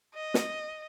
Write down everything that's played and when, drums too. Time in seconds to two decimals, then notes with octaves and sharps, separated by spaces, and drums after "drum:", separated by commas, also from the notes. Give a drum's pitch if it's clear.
0.14 D#5
0.34 drum: snare